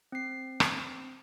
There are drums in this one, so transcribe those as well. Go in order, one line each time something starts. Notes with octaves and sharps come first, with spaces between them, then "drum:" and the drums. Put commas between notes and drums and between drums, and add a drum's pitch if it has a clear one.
C4 C7
drum: rim click